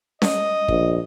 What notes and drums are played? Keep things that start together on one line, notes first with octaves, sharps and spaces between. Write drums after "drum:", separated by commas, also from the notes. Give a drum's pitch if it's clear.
D#5, drum: snare C#4
A#1, drum: kick